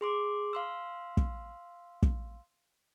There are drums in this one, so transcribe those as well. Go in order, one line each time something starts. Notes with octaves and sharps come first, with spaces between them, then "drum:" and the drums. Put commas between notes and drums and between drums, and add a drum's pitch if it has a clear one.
G#4 C6 D6
F5 C6 E6
drum: kick
drum: kick